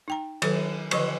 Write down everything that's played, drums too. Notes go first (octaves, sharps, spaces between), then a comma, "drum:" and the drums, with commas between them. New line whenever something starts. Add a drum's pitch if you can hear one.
D#4 G5 A#5
D#3 F#3 A4 B4, drum: cymbal
D3 F3 B4 C5 D#5 C#6, drum: cymbal